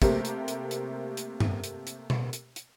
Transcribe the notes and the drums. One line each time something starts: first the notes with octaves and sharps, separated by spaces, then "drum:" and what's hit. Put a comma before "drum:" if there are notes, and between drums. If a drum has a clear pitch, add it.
C3 A3 A#3 G4 A#4 C5, drum: kick, hi-hat
drum: hi-hat
drum: hi-hat
drum: hi-hat
drum: hi-hat
drum: tom G2
drum: hi-hat
drum: hi-hat
drum: tom B2
drum: hi-hat
drum: hi-hat